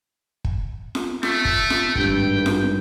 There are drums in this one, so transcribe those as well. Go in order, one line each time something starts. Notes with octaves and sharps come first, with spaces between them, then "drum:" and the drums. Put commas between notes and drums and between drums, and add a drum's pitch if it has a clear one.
drum: kick
drum: snare F4
A3, drum: snare F4
drum: kick
drum: snare F4
G#1 G2 G5, drum: kick
drum: snare F4